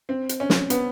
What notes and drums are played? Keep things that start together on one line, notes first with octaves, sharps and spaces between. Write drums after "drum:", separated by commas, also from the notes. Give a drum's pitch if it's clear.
C4
drum: hi-hat
C#4
drum: snare
B3, drum: hi-hat